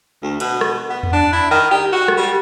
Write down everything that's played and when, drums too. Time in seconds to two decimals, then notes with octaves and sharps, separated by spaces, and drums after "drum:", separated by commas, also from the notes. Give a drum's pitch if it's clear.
0.23 D2
0.40 B2, drum: cymbal
0.61 drum: rim click
0.90 B3
1.03 drum: tom E2
1.13 D4
1.33 E4
1.51 D#3
1.71 G4
1.92 F#4
2.08 drum: rim click
2.17 G3